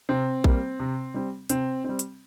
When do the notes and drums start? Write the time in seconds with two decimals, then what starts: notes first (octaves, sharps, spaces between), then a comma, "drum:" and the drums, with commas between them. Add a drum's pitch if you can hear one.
0.09 C3 C4
0.44 G3 A#3, drum: kick A#1
0.80 C3
1.14 G3 C4
1.49 C3 C4, drum: hi-hat
1.84 G3 C4
1.99 drum: hi-hat